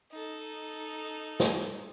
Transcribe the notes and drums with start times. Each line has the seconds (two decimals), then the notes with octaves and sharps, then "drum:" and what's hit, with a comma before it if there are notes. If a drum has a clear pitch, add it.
0.12 D#4 A4
1.40 drum: snare